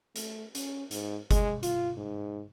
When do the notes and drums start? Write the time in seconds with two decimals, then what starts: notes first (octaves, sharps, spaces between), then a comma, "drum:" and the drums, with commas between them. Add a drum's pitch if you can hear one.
0.16 A3, drum: hi-hat
0.55 C#4, drum: hi-hat
0.91 G#2, drum: hi-hat
1.31 G#3, drum: kick G1, hi-hat
1.63 F4, drum: hi-hat
1.97 G#2